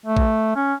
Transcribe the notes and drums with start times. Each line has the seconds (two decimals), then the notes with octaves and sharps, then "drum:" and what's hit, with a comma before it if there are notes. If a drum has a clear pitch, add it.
0.06 A3
0.17 drum: kick
0.56 C#4